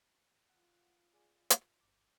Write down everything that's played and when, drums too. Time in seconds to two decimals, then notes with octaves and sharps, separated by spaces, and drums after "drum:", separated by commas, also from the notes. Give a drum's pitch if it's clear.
0.50 F4 F#5 F#6
1.13 G#4 D5 G#5
1.50 drum: hi-hat
1.81 G1 D6